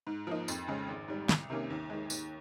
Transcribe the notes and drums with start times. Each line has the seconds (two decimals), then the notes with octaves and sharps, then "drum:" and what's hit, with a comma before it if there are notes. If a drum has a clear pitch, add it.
0.07 G#2
0.27 F3 A#3 D#4
0.48 F2, drum: tambourine
0.68 C#3 G#3 C#4
0.88 G#1
1.08 G#2 G3
1.29 C2, drum: snare
1.50 C3 D#3 A#3 C#4
1.70 D#2
1.90 D#3 G#3
2.10 D#2, drum: tambourine